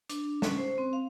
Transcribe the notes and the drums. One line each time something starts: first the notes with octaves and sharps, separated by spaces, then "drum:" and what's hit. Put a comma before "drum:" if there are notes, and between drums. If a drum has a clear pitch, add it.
D4, drum: hi-hat
C#4, drum: snare
C5
C4
F5